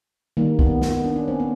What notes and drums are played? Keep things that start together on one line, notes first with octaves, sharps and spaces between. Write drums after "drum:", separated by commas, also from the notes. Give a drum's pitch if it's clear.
D#3 G3 A#3
B3, drum: kick
B3, drum: snare
D4
C#4
C4
B3 C#4